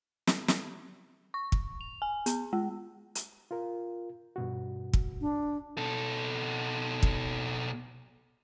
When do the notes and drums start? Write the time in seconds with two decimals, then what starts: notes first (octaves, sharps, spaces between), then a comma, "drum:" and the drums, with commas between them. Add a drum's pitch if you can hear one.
0.27 drum: snare
0.48 drum: snare
1.34 C#6
1.52 drum: kick
1.81 F7
2.02 G#5
2.26 B3, drum: hi-hat
2.53 G#3
3.15 drum: hi-hat
3.51 F4 A#4
4.36 G2 B2 F#4
4.93 drum: kick
5.21 D4
5.78 B2 A4
7.03 drum: kick